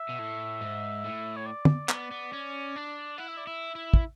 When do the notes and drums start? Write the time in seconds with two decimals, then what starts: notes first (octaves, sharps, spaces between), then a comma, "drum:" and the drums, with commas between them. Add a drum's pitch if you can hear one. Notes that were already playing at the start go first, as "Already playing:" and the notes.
Already playing: E5
0.09 B2
0.19 A2
0.61 G#2
1.04 A2
1.36 C#5
1.46 D5
1.65 drum: tom
1.89 B3, drum: clap
2.11 B3
2.33 C#4
2.76 D4
3.18 E4 F#5
3.28 E5
3.37 D5
3.47 E4 E5
3.75 E4
3.94 drum: kick